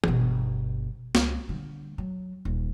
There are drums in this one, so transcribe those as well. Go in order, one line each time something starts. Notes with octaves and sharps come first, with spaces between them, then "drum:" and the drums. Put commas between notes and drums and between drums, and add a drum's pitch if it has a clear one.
G1 B2, drum: tom
C#2, drum: snare
D3 G3
F#3
D#1